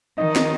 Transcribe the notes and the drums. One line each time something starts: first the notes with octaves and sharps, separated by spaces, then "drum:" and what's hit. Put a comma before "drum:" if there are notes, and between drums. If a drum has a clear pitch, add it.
D#3 D#4
drum: snare